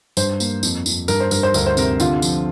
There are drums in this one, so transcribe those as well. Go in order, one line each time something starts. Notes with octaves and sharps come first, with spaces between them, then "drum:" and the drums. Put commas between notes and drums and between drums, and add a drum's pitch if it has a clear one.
G2 C5, drum: tambourine
A#3, drum: tambourine
F2, drum: tambourine
F2, drum: tambourine
G2 A#4, drum: tambourine
C5
G2 A#4, drum: tambourine
C5
D2 A#4, drum: tambourine
C5
C3 A#4, drum: tambourine
D3 F4, drum: tambourine
F3, drum: tambourine